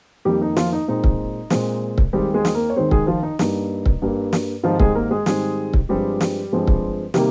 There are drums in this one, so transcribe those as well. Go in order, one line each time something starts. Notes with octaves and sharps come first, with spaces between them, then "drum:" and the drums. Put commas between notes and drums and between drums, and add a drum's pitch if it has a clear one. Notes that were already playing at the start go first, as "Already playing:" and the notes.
F2 D#3 G3 A#3 G4
D#4
F3 F4, drum: snare
D#4
A#2 G#3 C4 D#4
drum: kick C#1
A#2 G#3 C4, drum: snare
drum: kick C#1
D#2 D#3 G3 G#3 C4 G4
G#3 G#4
drum: snare
A#3 A#4
C#5
D#2 D#3 G#3 C4 C5
G#3 G#4, drum: kick C#1
F3 F4
D#4
G2 G3 A#3 D#4, drum: snare
drum: kick C#1
G2 G3 A#3
drum: snare
G#2 D#3 F3 G3 C4 F4
G#3 G#4, drum: kick C#1
A#3 A#4
G#3 G#4
G#2 D#3 G3 G#3 C4 G#4, drum: snare
drum: kick C#1
G2 F3 G3 G#3 C4 G4
drum: snare
G2 F3 G#3 C4
drum: kick C#1
C3 D#3 G3 A#3 G4, drum: snare